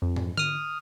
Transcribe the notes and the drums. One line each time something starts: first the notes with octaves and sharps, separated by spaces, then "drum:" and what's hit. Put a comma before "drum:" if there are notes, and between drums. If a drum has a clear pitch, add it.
F2
drum: tom
D#6 F6, drum: tom D3